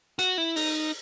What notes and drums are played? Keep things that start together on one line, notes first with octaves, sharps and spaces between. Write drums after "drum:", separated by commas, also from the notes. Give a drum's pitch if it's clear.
F#4, drum: hi-hat
E4
D#4, drum: open hi-hat